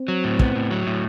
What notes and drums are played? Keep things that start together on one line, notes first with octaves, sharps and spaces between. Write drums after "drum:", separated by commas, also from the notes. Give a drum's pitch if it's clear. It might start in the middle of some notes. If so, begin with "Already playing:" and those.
Already playing: C4
F#3
A2
B3, drum: kick
A2
F#3
A2